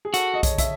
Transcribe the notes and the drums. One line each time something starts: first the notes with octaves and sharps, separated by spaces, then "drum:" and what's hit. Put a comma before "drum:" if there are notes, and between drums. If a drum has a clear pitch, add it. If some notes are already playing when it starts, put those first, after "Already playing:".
G#4
F#4 A4, drum: hi-hat
D#5
C#5, drum: kick, hi-hat
E5, drum: kick, hi-hat